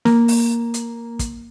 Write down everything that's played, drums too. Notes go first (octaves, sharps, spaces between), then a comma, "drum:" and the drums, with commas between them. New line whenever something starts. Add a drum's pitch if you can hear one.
A#3, drum: snare
drum: open hi-hat
drum: hi-hat
drum: kick, hi-hat